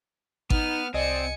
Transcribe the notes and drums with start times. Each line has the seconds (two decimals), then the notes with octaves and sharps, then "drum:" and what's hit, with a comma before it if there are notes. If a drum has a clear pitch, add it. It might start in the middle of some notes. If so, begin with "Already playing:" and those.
0.50 B3 D#4 F6, drum: kick G#1
0.94 C2 C4 D5 D#5 G#5 C#7